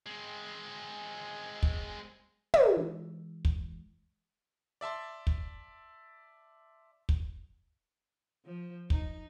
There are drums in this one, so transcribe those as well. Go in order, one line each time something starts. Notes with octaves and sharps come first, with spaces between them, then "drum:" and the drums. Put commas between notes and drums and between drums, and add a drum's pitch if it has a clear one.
G#3 C4
drum: kick
drum: tom
E3 G#3
drum: kick
D5 E5 A5 C6
drum: kick
drum: kick
F3
D#4, drum: kick